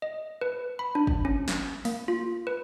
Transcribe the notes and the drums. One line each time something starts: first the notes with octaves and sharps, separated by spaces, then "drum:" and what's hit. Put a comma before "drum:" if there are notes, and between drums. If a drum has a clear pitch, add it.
D#5
B4
B5
D4
drum: kick
C#4
drum: snare
A#3, drum: open hi-hat
F4
B4